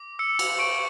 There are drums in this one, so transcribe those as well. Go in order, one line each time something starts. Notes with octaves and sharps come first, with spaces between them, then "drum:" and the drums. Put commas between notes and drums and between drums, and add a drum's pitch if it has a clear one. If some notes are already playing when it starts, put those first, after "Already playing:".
Already playing: D6
E6 C#7
drum: cymbal
C#6 D7